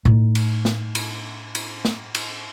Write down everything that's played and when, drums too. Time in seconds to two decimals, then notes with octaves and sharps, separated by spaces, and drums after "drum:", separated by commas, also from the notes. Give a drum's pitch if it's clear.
0.05 A2 D#4
0.35 drum: cymbal
0.65 drum: snare
0.95 drum: cymbal
1.55 drum: cymbal
1.85 drum: snare
2.15 drum: cymbal